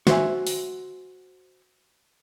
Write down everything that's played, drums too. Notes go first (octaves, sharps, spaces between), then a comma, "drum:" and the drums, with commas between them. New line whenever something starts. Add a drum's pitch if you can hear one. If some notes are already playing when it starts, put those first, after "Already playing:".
F#4 C5 E5 G#5, drum: snare
drum: open hi-hat